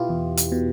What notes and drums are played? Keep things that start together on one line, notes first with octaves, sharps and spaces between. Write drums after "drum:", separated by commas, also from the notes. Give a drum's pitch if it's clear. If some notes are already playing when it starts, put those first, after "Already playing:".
Already playing: B2 E4 F4 G4 B4
E2
drum: hi-hat
B2